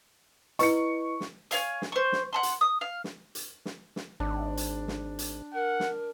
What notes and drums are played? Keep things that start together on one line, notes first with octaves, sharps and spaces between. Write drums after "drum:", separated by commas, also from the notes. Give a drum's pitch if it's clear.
E4 B4 D#5 C#6 C#7, drum: hi-hat
drum: snare
C#5 F5 G#5, drum: hi-hat
drum: snare
C5 C#6
drum: snare
F#5 A5 C6
drum: hi-hat
D#6
F5
drum: snare
drum: hi-hat
drum: snare
drum: snare
G#1 D4
drum: hi-hat
drum: snare
drum: hi-hat
A#4 F#5
drum: snare